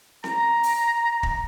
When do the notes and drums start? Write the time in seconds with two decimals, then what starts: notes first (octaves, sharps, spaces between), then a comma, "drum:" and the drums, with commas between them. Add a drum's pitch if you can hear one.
0.24 A#5, drum: snare C4
0.63 drum: open hi-hat
1.23 drum: kick